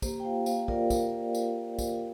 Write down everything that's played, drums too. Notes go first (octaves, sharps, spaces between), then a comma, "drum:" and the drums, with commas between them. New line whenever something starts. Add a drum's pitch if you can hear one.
A#3 G4 C5, drum: kick, tambourine
G5
F4 C5 F5
A#3 C5 F5, drum: tambourine
F4 A#4 D5, drum: kick
F4 A#4 D5, drum: kick, tambourine
drum: tambourine
drum: kick, tambourine